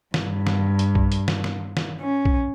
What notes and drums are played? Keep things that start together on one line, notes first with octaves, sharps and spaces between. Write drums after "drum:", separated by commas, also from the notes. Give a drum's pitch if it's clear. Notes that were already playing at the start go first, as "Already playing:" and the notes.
G2, drum: snare
drum: snare
drum: hi-hat
drum: kick
drum: hi-hat
drum: snare
drum: snare
drum: snare
C#4
drum: kick